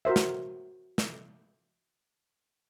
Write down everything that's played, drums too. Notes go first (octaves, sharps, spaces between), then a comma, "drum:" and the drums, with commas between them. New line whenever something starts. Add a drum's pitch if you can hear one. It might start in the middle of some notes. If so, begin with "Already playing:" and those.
F#4 A#4 C5 E5
drum: snare
drum: snare